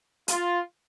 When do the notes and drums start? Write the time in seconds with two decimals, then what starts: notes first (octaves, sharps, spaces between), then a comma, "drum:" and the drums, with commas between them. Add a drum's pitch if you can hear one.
0.28 F4, drum: hi-hat